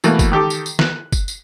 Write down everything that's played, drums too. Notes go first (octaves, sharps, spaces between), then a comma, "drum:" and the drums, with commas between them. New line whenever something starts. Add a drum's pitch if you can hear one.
B2 E3 A3 A#3, drum: tambourine
drum: kick, tambourine
D#3 G4 A4 D6
drum: tambourine
drum: tambourine
F#6, drum: snare
drum: kick, tambourine
drum: tambourine